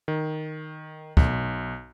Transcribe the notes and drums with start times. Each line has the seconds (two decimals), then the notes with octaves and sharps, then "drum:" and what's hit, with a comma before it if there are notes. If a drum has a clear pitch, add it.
0.08 D#3
1.17 B1, drum: kick